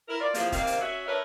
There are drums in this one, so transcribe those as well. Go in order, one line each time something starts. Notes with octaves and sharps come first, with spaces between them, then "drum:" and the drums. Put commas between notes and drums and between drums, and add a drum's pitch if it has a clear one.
E4 A#4
F4 D5
C3 E3 F3 A#3 G#4, drum: hi-hat
C3 D#3 A#3 C4 F5, drum: kick C#1, hi-hat
drum: hi-hat
C#4 F#4 E5
D4 A#4 B4 C#5 E5